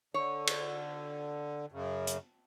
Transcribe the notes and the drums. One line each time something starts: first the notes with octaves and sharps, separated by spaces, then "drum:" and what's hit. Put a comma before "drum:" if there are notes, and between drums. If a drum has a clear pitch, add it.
D3 C#5
drum: cymbal
F#2 C#3
drum: hi-hat